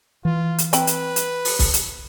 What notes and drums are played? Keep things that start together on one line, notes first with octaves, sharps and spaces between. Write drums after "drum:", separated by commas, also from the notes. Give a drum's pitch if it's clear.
E3 F4
drum: hi-hat
C4 B4 G5 B5, drum: hi-hat
drum: hi-hat
drum: hi-hat
drum: open hi-hat
drum: kick, open hi-hat
drum: hi-hat